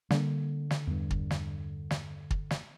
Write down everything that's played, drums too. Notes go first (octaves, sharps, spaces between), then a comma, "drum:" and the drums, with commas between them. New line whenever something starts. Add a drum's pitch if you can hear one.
D3 G3 A#3, drum: snare
drum: snare
E2 G2
drum: kick
drum: snare
drum: snare
drum: kick
drum: snare